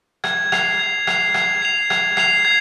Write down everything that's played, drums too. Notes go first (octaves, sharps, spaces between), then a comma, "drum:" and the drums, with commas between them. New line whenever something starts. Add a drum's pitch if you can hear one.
G#6, drum: rim click
C7 F7, drum: rim click
G#6
C7 F7, drum: rim click
G#6, drum: rim click
C7 F7
G#6, drum: rim click
C7 F7, drum: rim click
G#6